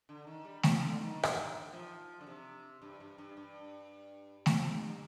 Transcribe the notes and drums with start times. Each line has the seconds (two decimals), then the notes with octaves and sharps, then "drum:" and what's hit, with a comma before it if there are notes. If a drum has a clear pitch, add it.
0.09 D3
0.27 D#3
0.45 G3
0.63 F3, drum: snare A3
0.81 D3
1.00 D#3
1.23 drum: rim click
1.73 F3
2.21 D3
2.27 C3
2.82 G2
3.00 G2
3.18 G2
3.37 G2
4.46 F2, drum: snare A3
4.73 G2